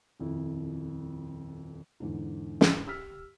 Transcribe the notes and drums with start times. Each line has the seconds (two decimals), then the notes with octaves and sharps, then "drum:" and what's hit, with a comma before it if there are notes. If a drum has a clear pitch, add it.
0.20 D#1 F2 E4
2.00 E2 G#2 D3
2.61 drum: snare
2.87 G4 E6 F6 B6